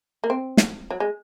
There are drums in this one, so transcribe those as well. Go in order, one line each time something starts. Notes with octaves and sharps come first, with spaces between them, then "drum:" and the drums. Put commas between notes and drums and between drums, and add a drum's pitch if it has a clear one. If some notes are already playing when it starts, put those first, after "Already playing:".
A#3
C4
drum: snare
F#3
G#3